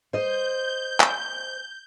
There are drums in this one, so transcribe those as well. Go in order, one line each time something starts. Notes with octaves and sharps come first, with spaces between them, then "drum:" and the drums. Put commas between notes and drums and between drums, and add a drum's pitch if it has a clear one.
C5 D#5 G6
drum: clap